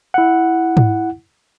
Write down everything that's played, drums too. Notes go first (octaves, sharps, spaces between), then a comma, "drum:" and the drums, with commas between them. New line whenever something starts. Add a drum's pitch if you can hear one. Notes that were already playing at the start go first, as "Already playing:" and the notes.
E4 F#5
drum: tom G#2